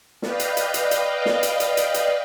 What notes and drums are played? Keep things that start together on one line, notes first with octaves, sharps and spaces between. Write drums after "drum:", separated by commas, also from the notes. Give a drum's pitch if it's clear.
B4 D5 D#5 F5 G5, drum: snare
drum: hi-hat
drum: hi-hat
drum: hi-hat
drum: hi-hat
drum: snare
drum: hi-hat
drum: hi-hat
drum: hi-hat
drum: hi-hat